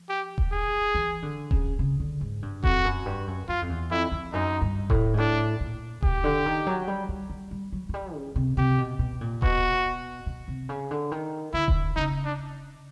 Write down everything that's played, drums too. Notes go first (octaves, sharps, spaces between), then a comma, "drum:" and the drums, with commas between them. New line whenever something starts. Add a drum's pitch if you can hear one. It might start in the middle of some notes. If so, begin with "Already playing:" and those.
Already playing: F3
G4
drum: kick D#1
G#4
E3
D3
C#3, drum: kick D#1
C#3
D3
G#2
G2
F2 F#4, drum: kick D#1
F#2
G2
F#2
F#2 F4
F2
E2
F2 E4
F2
F#2 D#4
G2
A2, drum: kick D#1
G#2
A2 D4
A#2
B2 G4, drum: kick D#1
D3
D#3
F#3
G3
G3
G3
G3
F#3
F#3
G3
C#3
C3
C3 G4
B2
B2
A#2
B2 F#4, drum: kick D#1
B2
C3
C#3
D3
D#3
D3 E4
drum: kick D#1
C#3 D#4
D4